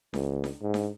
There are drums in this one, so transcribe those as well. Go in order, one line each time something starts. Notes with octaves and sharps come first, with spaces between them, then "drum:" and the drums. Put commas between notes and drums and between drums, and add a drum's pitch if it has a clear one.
C#2, drum: snare D4
drum: snare D4
G#2
drum: snare D4